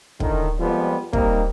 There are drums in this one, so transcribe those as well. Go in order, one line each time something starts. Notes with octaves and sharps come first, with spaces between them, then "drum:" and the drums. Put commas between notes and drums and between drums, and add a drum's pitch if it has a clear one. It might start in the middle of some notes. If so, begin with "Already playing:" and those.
A2 D3 D#3, drum: kick
F2 F3 G3 G#3 B3
G3 A#3 C4 D#4, drum: kick